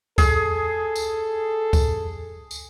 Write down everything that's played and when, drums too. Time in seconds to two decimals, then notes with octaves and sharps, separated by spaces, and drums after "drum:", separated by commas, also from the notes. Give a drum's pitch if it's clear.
0.18 G#4 A4, drum: kick C#2, tambourine
0.96 drum: tambourine
1.73 drum: kick C#2, tambourine
2.51 drum: tambourine